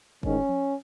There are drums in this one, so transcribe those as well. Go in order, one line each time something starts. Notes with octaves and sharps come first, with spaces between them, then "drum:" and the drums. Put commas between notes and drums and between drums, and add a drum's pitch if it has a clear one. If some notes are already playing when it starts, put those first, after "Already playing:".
A1 G#2 D#3 C#4, drum: kick
drum: tom F3